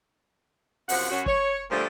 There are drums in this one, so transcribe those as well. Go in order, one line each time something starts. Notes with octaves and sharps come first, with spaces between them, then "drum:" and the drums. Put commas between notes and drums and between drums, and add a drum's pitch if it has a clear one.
F#2 C3 F3 F#5, drum: open hi-hat
F#2 C#4 F#4
C#5, drum: kick
A#2 D3 F3 G3 A3 A#3